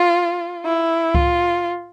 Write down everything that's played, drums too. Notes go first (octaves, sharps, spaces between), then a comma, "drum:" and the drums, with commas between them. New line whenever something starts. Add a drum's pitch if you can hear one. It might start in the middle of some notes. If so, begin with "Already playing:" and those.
Already playing: F4
E4
F4, drum: kick C#2